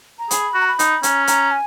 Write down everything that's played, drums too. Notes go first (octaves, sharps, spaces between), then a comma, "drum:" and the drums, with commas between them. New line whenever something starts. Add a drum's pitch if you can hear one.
A#5
G#4 B5, drum: hi-hat
F#4
A#5
B5
D#4, drum: hi-hat
C#4 A#5, drum: hi-hat
A#5, drum: hi-hat
G#5